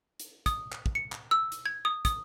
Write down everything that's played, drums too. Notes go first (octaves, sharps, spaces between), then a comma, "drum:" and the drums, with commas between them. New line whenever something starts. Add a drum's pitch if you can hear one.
drum: hi-hat
D#6, drum: kick, hi-hat
drum: clap
drum: kick
C#7
drum: clap
E6
drum: hi-hat
G#6
D#6
D#6, drum: kick, hi-hat